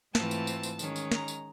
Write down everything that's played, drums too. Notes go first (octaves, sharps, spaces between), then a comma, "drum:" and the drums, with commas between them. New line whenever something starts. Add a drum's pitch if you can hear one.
G#2 E3 A3 C4 F4 A5, drum: snare
drum: tambourine
drum: tambourine
drum: tambourine
D#3 G#3 C#4, drum: tambourine
drum: tambourine
A#5, drum: snare
drum: tambourine